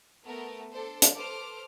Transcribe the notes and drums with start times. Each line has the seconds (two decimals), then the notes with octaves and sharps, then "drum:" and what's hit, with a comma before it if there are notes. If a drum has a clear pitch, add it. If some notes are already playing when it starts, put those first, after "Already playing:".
0.25 A3 B3 A#4
0.72 D4 A4 C5
1.02 drum: hi-hat
1.15 A4 B4 C5 D6 F6